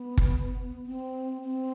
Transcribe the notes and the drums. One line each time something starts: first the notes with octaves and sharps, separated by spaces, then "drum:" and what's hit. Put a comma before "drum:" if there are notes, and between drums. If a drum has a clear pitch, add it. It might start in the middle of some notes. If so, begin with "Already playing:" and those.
Already playing: B3
drum: kick
C4
C4